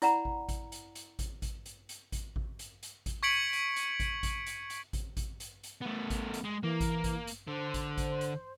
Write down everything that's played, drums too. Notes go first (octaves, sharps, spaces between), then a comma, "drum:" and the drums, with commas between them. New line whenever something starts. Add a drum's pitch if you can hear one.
E4 D5 F#5 A#5 B5, drum: hi-hat
drum: kick A1
drum: kick A1, hi-hat
drum: hi-hat
drum: hi-hat
drum: kick A1, hi-hat
drum: kick A1, hi-hat
drum: hi-hat
drum: hi-hat
drum: kick A1, hi-hat
drum: kick A1
drum: hi-hat
drum: hi-hat
drum: kick A1, hi-hat
C#6 G#6 B6 C#7 D7 F#7
drum: hi-hat
drum: hi-hat
drum: kick A1, hi-hat
drum: kick A1, hi-hat
drum: hi-hat
drum: hi-hat
drum: kick A1, hi-hat
drum: kick A1, hi-hat
drum: hi-hat
drum: hi-hat
A3 B3
drum: kick A1, hi-hat
drum: hi-hat
G#3
E3 A#3
drum: kick A1, hi-hat
drum: kick A1, hi-hat
drum: hi-hat
D3 C5
drum: kick A1, hi-hat
drum: kick A1, hi-hat
drum: hi-hat